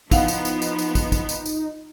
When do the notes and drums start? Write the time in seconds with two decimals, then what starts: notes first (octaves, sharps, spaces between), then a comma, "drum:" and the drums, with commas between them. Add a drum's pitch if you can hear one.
0.11 F3 B3 D#4 E4 F5 F#5, drum: kick, tambourine
0.28 drum: tambourine
0.45 drum: tambourine
0.62 drum: tambourine
0.79 drum: tambourine
0.95 drum: kick, tambourine
1.12 drum: kick, tambourine
1.29 drum: tambourine
1.46 drum: tambourine